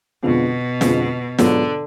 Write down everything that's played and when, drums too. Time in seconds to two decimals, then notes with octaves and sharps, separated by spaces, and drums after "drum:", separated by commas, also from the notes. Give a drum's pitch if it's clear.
0.23 F2 B2 D3 G#3 B3 F4
0.81 F2 D3 G#3 B3 F4, drum: snare
1.38 G#2 D3 F#3 B3 D4 F4, drum: snare